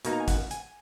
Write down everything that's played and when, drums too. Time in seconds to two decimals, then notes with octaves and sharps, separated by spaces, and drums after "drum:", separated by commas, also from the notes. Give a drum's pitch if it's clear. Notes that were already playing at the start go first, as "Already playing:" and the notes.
0.05 B2 A#3 D#4, drum: hi-hat
0.13 A#5
0.20 G#5
0.28 F#5, drum: kick G#1, hi-hat
0.51 G#5, drum: hi-hat